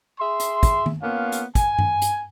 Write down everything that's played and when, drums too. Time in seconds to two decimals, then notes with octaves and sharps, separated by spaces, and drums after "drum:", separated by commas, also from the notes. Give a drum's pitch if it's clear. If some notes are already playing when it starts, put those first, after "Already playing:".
0.20 G#4 E5 C6
0.40 drum: hi-hat
0.63 drum: kick, hi-hat
0.86 drum: tom D#3
1.02 A#3 B3 C#4 F4 F5
1.32 drum: hi-hat
1.55 G#5, drum: kick, hi-hat
1.79 drum: tom G2
2.02 drum: hi-hat